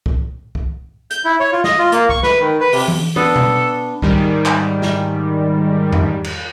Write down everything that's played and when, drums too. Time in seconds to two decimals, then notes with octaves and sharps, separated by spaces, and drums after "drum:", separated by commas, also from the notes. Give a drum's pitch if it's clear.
0.06 drum: kick C2
0.55 drum: kick C2
1.11 G6, drum: hi-hat
1.25 E4
1.40 C#5
1.52 F4
1.64 D#5, drum: snare
1.79 F4
1.92 A#3, drum: hi-hat
2.09 C#6, drum: kick C2
2.23 B4, drum: snare
2.40 D#3
2.61 B4
2.73 C3, drum: open hi-hat
2.88 drum: tom E3
3.16 B3 D4 A4
3.36 drum: tom B2
4.02 G#2 D#3 G3, drum: kick C2
4.46 drum: clap
4.82 drum: snare
5.93 drum: tom E2
6.24 drum: cymbal